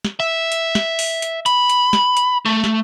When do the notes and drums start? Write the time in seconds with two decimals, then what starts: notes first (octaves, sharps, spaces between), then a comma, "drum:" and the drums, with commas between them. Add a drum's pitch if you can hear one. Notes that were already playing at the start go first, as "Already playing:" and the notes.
0.05 drum: snare
0.20 E5
0.52 drum: hi-hat
0.75 drum: snare
0.99 drum: open hi-hat
1.22 drum: hi-hat
1.46 B5, drum: hi-hat
1.69 drum: hi-hat
1.93 drum: snare
2.17 drum: hi-hat
2.45 A3
2.64 drum: snare